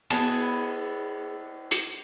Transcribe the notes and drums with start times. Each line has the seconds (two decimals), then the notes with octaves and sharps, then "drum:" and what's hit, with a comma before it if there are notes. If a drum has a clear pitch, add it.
0.10 B3 G#4 A5, drum: cymbal
1.71 drum: hi-hat